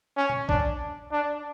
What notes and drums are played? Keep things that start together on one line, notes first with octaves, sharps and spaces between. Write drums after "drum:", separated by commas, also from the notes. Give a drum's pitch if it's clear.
C#4
drum: tom A#2
D4, drum: kick
D4